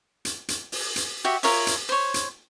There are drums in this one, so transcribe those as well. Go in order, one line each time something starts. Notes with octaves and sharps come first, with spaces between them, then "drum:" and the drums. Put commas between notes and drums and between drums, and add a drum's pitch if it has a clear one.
drum: hi-hat
drum: hi-hat
drum: open hi-hat
drum: hi-hat
F#4 G4 E5
F4 A#4 C#5 E5, drum: open hi-hat
drum: hi-hat
C5 C#5
drum: hi-hat